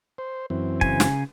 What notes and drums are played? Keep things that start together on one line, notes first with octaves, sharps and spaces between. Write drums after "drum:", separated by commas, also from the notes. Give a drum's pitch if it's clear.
C5
F#2 E3 C4
C#3 G#5, drum: kick
drum: snare